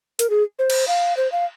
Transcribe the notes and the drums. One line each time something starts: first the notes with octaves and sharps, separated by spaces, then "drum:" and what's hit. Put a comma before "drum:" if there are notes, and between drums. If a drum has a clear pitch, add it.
A#4, drum: hi-hat
G#4
C5
drum: cymbal
F5
C5
F5